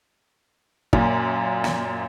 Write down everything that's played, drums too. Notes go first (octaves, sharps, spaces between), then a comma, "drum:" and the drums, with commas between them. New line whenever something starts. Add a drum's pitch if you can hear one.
F#2 A#2, drum: kick
drum: snare